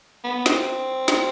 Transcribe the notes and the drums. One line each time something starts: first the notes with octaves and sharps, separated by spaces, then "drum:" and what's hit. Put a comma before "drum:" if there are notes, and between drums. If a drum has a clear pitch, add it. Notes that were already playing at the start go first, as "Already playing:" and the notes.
B3
C4, drum: snare
drum: snare